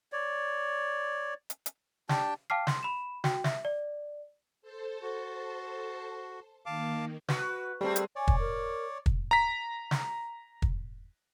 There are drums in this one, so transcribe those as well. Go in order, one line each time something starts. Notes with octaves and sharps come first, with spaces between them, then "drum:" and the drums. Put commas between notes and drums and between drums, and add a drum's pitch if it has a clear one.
C#5 D5
drum: hi-hat
drum: hi-hat
D4 G4 G5 A5, drum: snare
F5 G5 A5 D6 F6 C7
C6, drum: snare
B5 E7
F#4 G5, drum: snare
E5, drum: snare
D5
A4 C5 A5
F#4
D#3 A#3 F5 A5 D6
F#4 B4, drum: snare
G3 A3 C4 G#4
drum: hi-hat
C#5 D5 G#5
drum: kick
A#4
drum: kick
A#5 B6
drum: snare
drum: kick